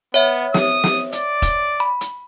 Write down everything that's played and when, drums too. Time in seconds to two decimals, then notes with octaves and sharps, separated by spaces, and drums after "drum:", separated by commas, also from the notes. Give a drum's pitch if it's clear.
0.14 B3 C#5 E5
0.54 D#6, drum: snare
0.84 drum: snare
1.12 D5, drum: hi-hat
1.42 drum: kick E1, hi-hat
1.80 B5
2.01 drum: hi-hat